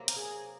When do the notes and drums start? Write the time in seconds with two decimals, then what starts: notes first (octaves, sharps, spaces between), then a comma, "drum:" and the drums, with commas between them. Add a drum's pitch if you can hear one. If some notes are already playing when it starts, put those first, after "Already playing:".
Already playing: C3 F#3 A#3
0.08 A#4, drum: hi-hat
0.16 G#4